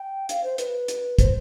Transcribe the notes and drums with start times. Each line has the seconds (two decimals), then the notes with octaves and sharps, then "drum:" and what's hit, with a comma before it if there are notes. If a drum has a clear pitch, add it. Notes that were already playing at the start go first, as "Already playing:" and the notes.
Already playing: G5
0.29 F5, drum: hi-hat
0.44 C5
0.58 B4, drum: hi-hat
0.88 drum: hi-hat
1.19 C5, drum: kick, hi-hat